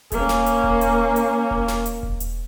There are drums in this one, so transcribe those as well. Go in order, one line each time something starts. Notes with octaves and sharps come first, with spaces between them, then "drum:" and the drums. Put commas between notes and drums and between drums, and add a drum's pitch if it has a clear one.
A#3 C#4, drum: kick E1, hi-hat
drum: snare
drum: hi-hat
drum: kick E1
drum: hi-hat
drum: hi-hat
drum: kick E1
drum: snare
drum: hi-hat
drum: kick E1
drum: hi-hat